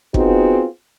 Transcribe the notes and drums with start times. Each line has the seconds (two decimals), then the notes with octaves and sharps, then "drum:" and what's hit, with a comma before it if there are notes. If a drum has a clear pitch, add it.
0.14 B3 C4 D#4 F4 F#4 G#4, drum: kick